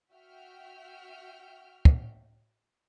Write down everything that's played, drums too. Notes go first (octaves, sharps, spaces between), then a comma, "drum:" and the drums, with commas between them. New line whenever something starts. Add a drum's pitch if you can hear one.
F#4 E5 G5 F6
drum: kick